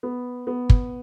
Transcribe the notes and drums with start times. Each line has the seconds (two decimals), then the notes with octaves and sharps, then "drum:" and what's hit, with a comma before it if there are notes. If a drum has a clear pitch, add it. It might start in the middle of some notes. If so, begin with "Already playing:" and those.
0.03 B3
0.47 B3
0.70 drum: kick